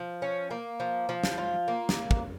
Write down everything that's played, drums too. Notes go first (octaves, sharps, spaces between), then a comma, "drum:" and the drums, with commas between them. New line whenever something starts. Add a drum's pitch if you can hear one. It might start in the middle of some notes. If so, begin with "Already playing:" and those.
Already playing: F3
C#4
A#3
F3
F3
drum: snare
F4
A#3
drum: snare
drum: kick